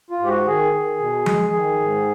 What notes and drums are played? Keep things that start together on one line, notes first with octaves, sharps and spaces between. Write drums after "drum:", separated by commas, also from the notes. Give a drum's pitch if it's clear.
F4
G#2 G4
F#4
D#3 G#4
D#3
B2
G#3, drum: tom F3
D#3
G#2